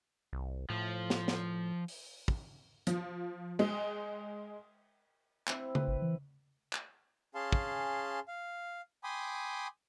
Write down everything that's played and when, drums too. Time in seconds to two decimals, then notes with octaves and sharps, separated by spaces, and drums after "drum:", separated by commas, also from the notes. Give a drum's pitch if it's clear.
0.33 C2
0.70 A2 F3
1.10 drum: snare
1.28 drum: snare
1.88 drum: open hi-hat
2.28 drum: kick
2.87 F3, drum: hi-hat
3.59 G#3, drum: cymbal
5.47 C4 E4, drum: clap
5.75 B4, drum: tom C#3
5.88 G#1
6.02 E3
6.73 drum: clap
7.35 C#4 G#4 F5 A5 C6
7.52 drum: kick
8.28 F5
9.04 G5 G#5 B5 C6 D6 D#6